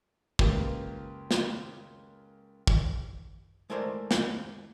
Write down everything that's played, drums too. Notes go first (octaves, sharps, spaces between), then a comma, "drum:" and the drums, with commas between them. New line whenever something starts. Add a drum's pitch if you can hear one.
C#2 A#3 F4 G4 B4 G5, drum: kick
drum: snare
drum: kick
G#3 A3 E4 A#4 C5 D5
drum: snare